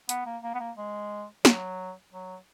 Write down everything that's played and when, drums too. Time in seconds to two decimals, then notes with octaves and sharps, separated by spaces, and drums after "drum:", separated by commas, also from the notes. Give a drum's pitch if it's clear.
0.09 B3, drum: hi-hat
0.26 A#3
0.43 A#3
0.54 B3
0.59 A#3
0.77 G#3
1.45 F#3, drum: snare
2.12 F#3